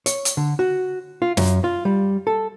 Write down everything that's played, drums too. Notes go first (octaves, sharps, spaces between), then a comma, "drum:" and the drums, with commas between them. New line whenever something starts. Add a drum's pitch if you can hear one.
C#5, drum: hi-hat
drum: hi-hat
D3
F#4
F4
F#2, drum: snare
F4
G3
A4